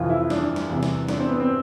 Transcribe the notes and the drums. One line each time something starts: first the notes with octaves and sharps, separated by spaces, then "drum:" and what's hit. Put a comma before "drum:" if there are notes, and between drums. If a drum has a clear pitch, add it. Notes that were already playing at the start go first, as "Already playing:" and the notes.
Already playing: F2 C3 E3 F4
E4
D4, drum: snare
drum: snare
E2 C3 E3
drum: snare
D4, drum: snare
C4
B3
C4